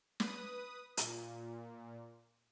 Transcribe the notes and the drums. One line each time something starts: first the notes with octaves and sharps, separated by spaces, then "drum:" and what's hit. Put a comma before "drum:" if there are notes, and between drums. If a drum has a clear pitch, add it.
B4 D#6, drum: snare
A#2, drum: hi-hat